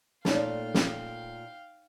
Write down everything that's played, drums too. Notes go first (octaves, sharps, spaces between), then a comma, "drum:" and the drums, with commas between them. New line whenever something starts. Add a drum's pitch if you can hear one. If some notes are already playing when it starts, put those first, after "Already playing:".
A#2 A3 D#4 C#5 F5 G5, drum: snare
drum: snare